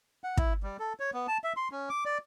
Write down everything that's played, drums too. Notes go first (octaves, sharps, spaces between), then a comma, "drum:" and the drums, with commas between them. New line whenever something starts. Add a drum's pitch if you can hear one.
F#5
E4, drum: kick
G3
A4
C#5
B3
A5
E5
C6
C#4
D6
D5